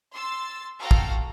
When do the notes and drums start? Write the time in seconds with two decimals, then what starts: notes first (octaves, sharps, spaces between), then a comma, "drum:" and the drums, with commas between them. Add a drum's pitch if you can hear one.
0.13 C6 E6 A6
0.79 F#4 A4 F5 G5 A#5
0.91 drum: kick